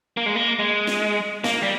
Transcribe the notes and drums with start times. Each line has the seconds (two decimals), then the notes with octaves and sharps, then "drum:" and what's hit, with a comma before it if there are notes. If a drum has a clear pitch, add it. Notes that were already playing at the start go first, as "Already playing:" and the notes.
0.17 A#3
0.26 G#3
0.36 A#3
0.59 G#3
0.87 drum: snare
1.44 A#3, drum: snare
1.63 G3